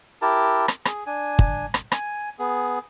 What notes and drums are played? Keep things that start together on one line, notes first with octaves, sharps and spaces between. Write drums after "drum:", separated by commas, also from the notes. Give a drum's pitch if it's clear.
E4 G4 A#4 A5
drum: rim click
G#4, drum: rim click
D4 G#5
drum: kick
drum: rim click
G#5, drum: rim click
B3 G#4